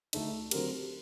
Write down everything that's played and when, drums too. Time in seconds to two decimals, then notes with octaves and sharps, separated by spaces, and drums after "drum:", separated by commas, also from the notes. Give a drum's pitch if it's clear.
0.13 D2 D3 A3 D#4, drum: cymbal
0.51 D3 F#3 C4 G4 A#4, drum: cymbal